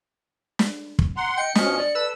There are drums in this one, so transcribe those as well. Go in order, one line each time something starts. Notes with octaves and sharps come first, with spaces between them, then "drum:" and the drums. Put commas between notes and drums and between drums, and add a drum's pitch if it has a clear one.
drum: snare
drum: kick
F#5 A#5 C6
D#5 G5 C#7
B2 F3 C#4 D#5 F6, drum: snare
D5
A4 B4 E6